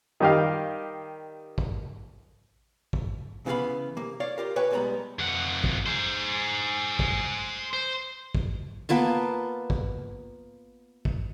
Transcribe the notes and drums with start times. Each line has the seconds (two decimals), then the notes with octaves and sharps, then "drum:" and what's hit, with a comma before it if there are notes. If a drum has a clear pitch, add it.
0.20 D#3 G3 G4 D#5 F5
1.58 drum: kick
2.93 drum: kick
3.46 C#3 E3 B3 E4 F5 B5
3.97 C3 A#3
4.20 C#5 D5 F5
4.38 F4 G4 A#4
4.56 B4 C#5 E5 G5 G#5
4.71 B1 G3 G#3 B3 A#5 B5
5.19 F2 F#5
5.64 drum: kick
5.86 G#4 C5
6.99 drum: kick
7.73 C5
8.35 drum: kick
8.89 A#3 B3 F4 A5
9.70 drum: kick
11.05 drum: kick